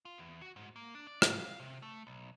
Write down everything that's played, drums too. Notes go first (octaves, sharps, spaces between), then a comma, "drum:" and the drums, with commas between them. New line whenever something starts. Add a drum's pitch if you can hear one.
F4
E2
F#4
G#2
A#3
D4
D5
F5, drum: rim click
C3
A3
B1